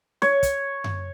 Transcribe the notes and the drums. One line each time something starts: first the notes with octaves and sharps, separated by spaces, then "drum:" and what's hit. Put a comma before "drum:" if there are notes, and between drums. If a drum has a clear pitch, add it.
C#5, drum: snare
drum: kick, hi-hat
drum: tom F#2